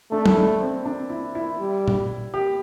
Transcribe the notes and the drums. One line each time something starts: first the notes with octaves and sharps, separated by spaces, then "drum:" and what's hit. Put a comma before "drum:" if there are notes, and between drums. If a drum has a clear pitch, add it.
A3 D4
E4, drum: tom F#3
D4
C4
D4
E4
E4
G3
drum: tom A#2
G4